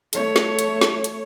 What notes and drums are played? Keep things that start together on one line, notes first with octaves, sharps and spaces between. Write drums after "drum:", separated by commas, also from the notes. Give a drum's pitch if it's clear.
A3 C#5, drum: hi-hat
drum: snare
drum: hi-hat
drum: snare
drum: hi-hat